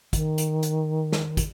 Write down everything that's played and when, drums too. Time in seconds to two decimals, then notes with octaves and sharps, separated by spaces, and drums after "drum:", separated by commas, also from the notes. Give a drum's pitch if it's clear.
0.13 D#3, drum: kick, hi-hat
0.38 drum: hi-hat
0.63 drum: hi-hat
1.12 drum: snare
1.37 drum: kick, hi-hat